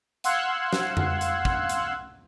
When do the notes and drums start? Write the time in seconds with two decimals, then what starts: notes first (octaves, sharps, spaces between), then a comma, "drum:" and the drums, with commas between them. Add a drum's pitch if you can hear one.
0.24 F5 F#5 C6 E6 F#6 G#6, drum: hi-hat
0.73 drum: snare
0.97 drum: tom F2
1.21 drum: hi-hat
1.45 drum: kick
1.69 drum: hi-hat